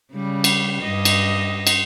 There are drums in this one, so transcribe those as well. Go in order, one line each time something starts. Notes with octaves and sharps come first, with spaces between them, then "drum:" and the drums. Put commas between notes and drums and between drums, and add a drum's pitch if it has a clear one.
C#3 G3
drum: cymbal
G2 D#5
drum: cymbal
drum: cymbal